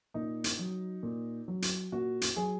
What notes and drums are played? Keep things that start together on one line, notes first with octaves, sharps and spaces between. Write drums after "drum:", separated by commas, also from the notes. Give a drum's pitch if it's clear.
A#2 D#4
drum: hi-hat
F#3
A#2
F#3
drum: hi-hat
A#2 F#4
drum: hi-hat
F#3 G#4